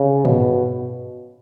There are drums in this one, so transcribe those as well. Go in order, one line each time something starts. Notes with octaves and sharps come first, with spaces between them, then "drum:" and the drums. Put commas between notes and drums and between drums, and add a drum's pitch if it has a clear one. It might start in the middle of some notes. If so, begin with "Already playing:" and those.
Already playing: C#3
B2, drum: tom